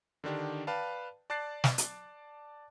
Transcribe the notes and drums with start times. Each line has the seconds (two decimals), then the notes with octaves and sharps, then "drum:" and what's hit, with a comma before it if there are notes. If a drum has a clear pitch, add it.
0.24 D3 D#3 D4 G4
0.67 B4 D5 F5 G5 A5
1.30 D5 A5 D6 F#6 A6 C7
1.64 drum: snare
1.78 drum: hi-hat